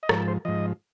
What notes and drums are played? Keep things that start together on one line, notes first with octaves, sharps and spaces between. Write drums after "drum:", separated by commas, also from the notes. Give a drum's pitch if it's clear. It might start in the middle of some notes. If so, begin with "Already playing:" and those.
D#5
G#2 F3 C#5, drum: rim click
C5
G#2 F3 D#5